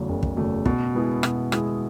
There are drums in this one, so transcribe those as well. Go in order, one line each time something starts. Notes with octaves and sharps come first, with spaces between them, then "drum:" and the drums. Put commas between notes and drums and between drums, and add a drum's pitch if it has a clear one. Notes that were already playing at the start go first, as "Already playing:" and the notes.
Already playing: E2 C#3 F#3 A3
F#1
drum: kick
E2 C#3 F#3 A3
B2, drum: kick
G#3 B3 E4 G#4
B2, drum: rim click
G#3 B3 E4 G#4, drum: rim click